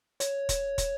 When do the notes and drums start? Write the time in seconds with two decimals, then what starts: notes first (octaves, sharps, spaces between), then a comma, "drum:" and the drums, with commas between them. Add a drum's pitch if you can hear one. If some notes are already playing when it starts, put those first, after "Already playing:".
0.20 C#5, drum: hi-hat
0.49 drum: kick, hi-hat
0.78 drum: kick, hi-hat